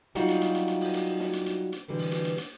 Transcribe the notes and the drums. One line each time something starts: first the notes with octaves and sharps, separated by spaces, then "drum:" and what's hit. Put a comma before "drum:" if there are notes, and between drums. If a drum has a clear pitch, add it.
F#3 G3 D#4 F4 F#4, drum: hi-hat
drum: hi-hat
drum: hi-hat
drum: hi-hat
drum: hi-hat
drum: open hi-hat
drum: hi-hat
drum: snare
drum: hi-hat
drum: hi-hat
drum: hi-hat
B2 D3 E3 G3
drum: open hi-hat
drum: hi-hat
drum: hi-hat
drum: hi-hat